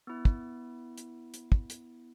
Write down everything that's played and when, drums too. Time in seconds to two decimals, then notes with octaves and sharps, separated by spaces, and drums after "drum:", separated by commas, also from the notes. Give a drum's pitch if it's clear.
0.07 B3 E4
0.25 drum: kick
0.98 drum: hi-hat
1.34 drum: hi-hat
1.52 drum: kick
1.70 drum: hi-hat